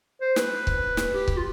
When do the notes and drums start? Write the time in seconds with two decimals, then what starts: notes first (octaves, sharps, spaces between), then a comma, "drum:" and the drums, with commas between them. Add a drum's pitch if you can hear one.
0.21 C5
0.36 B4, drum: snare
0.67 drum: kick C#1
0.97 drum: snare
1.13 G4
1.28 drum: kick C#1
1.37 F4